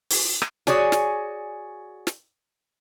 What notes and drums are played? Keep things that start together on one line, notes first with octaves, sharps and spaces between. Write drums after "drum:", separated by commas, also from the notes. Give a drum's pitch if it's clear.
drum: open hi-hat
drum: rim click
F#4 G#4 C#5 D5 G#5, drum: snare
drum: snare
drum: snare